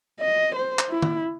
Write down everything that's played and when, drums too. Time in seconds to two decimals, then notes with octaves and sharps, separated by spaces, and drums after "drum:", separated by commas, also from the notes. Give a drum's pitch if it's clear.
0.20 D#5
0.55 C5
0.79 drum: clap
0.89 E4
1.02 drum: tom D#3